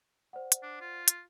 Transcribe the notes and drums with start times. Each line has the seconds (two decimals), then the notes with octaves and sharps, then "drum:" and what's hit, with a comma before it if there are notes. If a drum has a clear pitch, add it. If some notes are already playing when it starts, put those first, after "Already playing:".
0.33 C5 D5 F#5
0.52 drum: hi-hat
0.63 D4
0.81 F4
1.08 drum: hi-hat